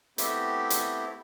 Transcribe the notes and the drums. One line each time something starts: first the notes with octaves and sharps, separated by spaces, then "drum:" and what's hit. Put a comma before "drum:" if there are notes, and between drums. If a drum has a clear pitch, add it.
A3 B3 C4 E4 G4, drum: hi-hat
drum: hi-hat